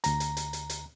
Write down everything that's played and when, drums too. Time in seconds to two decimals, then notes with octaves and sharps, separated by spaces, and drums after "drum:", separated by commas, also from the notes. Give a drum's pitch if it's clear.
0.04 D2 A#5, drum: hi-hat
0.20 drum: hi-hat
0.37 drum: hi-hat
0.53 drum: hi-hat
0.70 drum: hi-hat